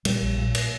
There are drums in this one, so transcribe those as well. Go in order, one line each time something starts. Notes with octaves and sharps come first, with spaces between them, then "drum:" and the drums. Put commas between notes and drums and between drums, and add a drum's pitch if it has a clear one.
A#2 G3, drum: cymbal
A#1
A#2
drum: cymbal